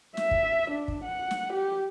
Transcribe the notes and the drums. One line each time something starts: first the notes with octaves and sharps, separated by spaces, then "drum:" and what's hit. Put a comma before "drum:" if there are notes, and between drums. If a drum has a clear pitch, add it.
E5, drum: snare
drum: kick
D4
drum: kick
F#5
drum: snare
G4